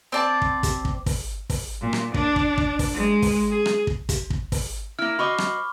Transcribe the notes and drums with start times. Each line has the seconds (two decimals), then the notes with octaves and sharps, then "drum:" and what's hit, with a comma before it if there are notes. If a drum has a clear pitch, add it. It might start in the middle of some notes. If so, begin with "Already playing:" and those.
0.12 C4 D5 A5
0.42 drum: kick
0.63 drum: kick, hi-hat
0.85 drum: kick
1.06 drum: kick, open hi-hat
1.50 drum: kick, open hi-hat
1.82 A#2
1.93 drum: rim click
2.14 D4, drum: kick
2.36 drum: kick
2.58 drum: kick
2.79 drum: kick, open hi-hat
2.94 G#3
3.22 drum: kick, open hi-hat
3.49 G#4
3.66 drum: rim click
3.87 drum: kick
4.09 drum: kick, hi-hat
4.30 drum: kick
4.52 drum: kick, open hi-hat
4.99 A#3 E4 F6
5.19 F#4 C5 D#5 B5 C#6 D6
5.38 drum: rim click